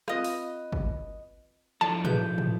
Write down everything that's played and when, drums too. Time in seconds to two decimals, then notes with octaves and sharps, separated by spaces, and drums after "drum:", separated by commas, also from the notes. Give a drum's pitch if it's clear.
0.08 C4 F4 B4 D#5 F5, drum: rim click
0.25 drum: open hi-hat
0.73 drum: kick
1.81 F3 D4 E4 A4 A5
2.05 F#4 G#4 B4 G6, drum: tom
2.38 drum: tom